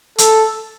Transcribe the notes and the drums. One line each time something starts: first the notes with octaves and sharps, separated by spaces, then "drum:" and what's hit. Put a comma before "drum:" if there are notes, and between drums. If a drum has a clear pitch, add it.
A4, drum: hi-hat